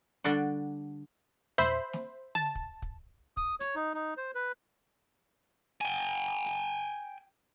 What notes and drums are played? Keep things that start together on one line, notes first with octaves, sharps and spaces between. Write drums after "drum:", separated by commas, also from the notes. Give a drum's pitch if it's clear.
D3 G3 D4 F#4
C5 E5 B5, drum: tom
drum: snare
A5, drum: tom
drum: kick
drum: kick
D#6, drum: kick
C#5, drum: hi-hat
D#4
D#4
C5
B4
G5 G#5
drum: hi-hat